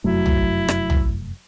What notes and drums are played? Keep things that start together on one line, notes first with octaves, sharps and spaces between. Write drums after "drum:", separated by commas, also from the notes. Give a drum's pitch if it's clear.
F1 F#2 F#3 A3 E4
drum: tom
drum: rim click
drum: tom